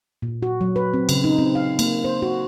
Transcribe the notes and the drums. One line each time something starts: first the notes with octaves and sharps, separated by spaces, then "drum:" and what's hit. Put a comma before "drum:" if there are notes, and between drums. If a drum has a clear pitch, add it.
A#2
F#4
F#3
B4
C4
C#3, drum: cymbal
D#4
C4
F5
A#3, drum: cymbal
C5
F#4